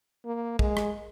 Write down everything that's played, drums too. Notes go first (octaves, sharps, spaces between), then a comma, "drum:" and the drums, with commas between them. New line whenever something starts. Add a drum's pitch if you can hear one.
A#3
G#3, drum: kick
drum: rim click